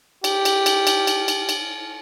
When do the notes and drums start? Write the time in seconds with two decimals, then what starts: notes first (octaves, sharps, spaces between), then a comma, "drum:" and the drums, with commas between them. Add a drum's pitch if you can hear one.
0.24 G4, drum: cymbal
0.45 drum: cymbal
0.66 drum: cymbal
0.87 drum: cymbal
1.07 drum: cymbal
1.28 drum: cymbal
1.49 drum: cymbal